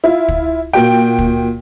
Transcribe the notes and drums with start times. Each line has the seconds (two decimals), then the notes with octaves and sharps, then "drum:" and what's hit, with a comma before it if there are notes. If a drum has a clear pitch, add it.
0.04 E4 F4
0.28 drum: kick
0.73 A#2 F#4 G5
1.18 drum: kick